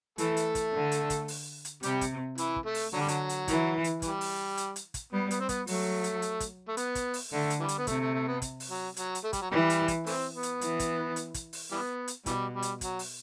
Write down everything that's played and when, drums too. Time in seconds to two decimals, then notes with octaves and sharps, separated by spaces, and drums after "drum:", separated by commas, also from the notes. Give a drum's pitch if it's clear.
0.18 E3 A3 A4, drum: hi-hat
0.37 drum: hi-hat
0.55 drum: kick, hi-hat
0.73 D3
0.92 drum: hi-hat
1.10 drum: kick, hi-hat
1.28 drum: open hi-hat
1.65 drum: hi-hat
1.83 C3 G3 G4, drum: hi-hat
2.01 drum: kick, hi-hat
2.38 E3 E4, drum: hi-hat
2.56 drum: kick
2.65 A3
2.74 drum: open hi-hat
2.93 D3 F#3
3.01 G3
3.08 F#3, drum: hi-hat
3.29 drum: hi-hat
3.48 E3, drum: kick, hi-hat
3.84 drum: hi-hat
4.02 E3 G3, drum: kick, hi-hat
4.21 drum: open hi-hat
4.57 drum: hi-hat
4.76 drum: hi-hat
4.94 drum: kick, hi-hat
5.12 G3 B3
5.31 B3, drum: hi-hat
5.40 C4
5.49 B3, drum: kick, hi-hat
5.67 F#3 A3, drum: open hi-hat
6.04 drum: hi-hat
6.22 drum: hi-hat
6.40 drum: kick, hi-hat
6.68 A3
6.77 B3, drum: hi-hat
6.95 drum: kick, hi-hat
7.14 drum: open hi-hat
7.32 D3 A3
7.50 drum: hi-hat
7.59 E3 G3
7.68 drum: hi-hat
7.79 B3
7.87 C3 A3, drum: kick, hi-hat
8.01 A3
8.14 A3
8.28 B3
8.42 drum: kick, hi-hat
8.60 drum: open hi-hat
8.69 F#3
8.97 F#3, drum: hi-hat
9.15 drum: hi-hat
9.24 A3
9.33 G3, drum: kick, hi-hat
9.42 F#3
9.51 E3 G3
9.70 drum: hi-hat
9.88 drum: kick, hi-hat
10.06 E3 A3 C4, drum: open hi-hat
10.34 B3
10.43 drum: hi-hat
10.61 E3, drum: hi-hat
10.79 drum: kick, hi-hat
11.16 drum: hi-hat
11.34 drum: kick, hi-hat
11.53 drum: open hi-hat
11.71 E3 G3 B3
12.08 drum: hi-hat
12.26 B2 E3 G3, drum: kick, hi-hat
12.53 G3
12.62 drum: hi-hat
12.81 F#3, drum: kick, hi-hat
12.99 drum: open hi-hat